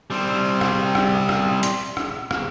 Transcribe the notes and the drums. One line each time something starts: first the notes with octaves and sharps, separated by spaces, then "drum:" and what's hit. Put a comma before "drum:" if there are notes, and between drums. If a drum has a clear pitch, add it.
G3 C4
drum: rim click
drum: rim click
drum: rim click
drum: hi-hat
drum: rim click
drum: rim click